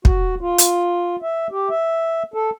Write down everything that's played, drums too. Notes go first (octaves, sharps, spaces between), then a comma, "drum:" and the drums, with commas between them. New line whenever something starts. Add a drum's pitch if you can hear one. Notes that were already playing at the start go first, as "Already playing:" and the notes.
F#4, drum: kick
F4
drum: hi-hat
E5
G4
E5
A4